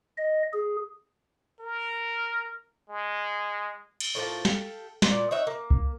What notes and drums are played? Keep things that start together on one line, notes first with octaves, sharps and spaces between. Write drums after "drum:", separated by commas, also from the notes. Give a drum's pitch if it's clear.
D#5
G#4
A#4
G#3
drum: cymbal
A2 F3 A#3 A5
G4 A4 F5, drum: snare
A#2 D5, drum: snare
D#4 C#5 E5 F#5
A#3
drum: kick C2